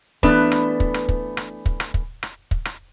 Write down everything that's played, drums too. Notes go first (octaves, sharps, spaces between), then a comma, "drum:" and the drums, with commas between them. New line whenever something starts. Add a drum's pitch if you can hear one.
E3 A3 B3 D4 B4, drum: kick
drum: rim click
drum: kick
drum: rim click
drum: kick
drum: rim click
drum: kick
drum: rim click
drum: kick
drum: rim click
drum: kick
drum: rim click